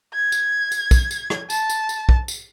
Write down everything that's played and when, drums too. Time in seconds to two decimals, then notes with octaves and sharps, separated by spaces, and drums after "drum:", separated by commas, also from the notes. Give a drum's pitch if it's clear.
0.14 G#6
0.32 drum: tambourine
0.71 drum: tambourine
0.91 drum: kick, tambourine
1.11 drum: tambourine
1.30 drum: rim click
1.50 A5, drum: tambourine
1.69 drum: tambourine
1.89 drum: tambourine
2.09 drum: kick
2.28 drum: tambourine